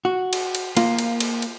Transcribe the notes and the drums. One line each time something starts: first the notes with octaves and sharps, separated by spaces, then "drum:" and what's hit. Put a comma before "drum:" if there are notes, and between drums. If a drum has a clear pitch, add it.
F#4
drum: cymbal
drum: cymbal
A#3 F4, drum: cymbal
drum: cymbal
drum: cymbal
drum: cymbal